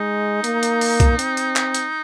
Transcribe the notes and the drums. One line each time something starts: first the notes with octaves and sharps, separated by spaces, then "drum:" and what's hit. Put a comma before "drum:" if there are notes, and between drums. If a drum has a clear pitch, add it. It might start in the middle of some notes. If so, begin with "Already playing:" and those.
Already playing: G#3 D#4
A#3, drum: hi-hat
drum: hi-hat
drum: open hi-hat
drum: kick C2, hi-hat
C4, drum: hi-hat
drum: hi-hat
drum: clap
drum: hi-hat